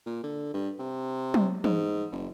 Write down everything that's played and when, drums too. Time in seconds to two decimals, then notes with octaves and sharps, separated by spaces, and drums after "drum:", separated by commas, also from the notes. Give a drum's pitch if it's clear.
0.06 A#2
0.23 D3
0.54 G2
0.79 C3
1.34 drum: tom F#3
1.64 G#2, drum: tom
2.12 F#1